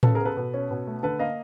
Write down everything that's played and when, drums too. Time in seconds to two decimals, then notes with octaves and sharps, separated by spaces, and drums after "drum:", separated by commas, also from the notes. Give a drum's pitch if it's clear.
0.03 C#3 A4 B4, drum: tom A2
0.15 B3 G#4 A#4
0.25 A4 B4
0.37 B2
0.54 C#4
0.71 B2
0.87 A3
1.03 D3 A4 B4
1.19 A#3 D#5 F5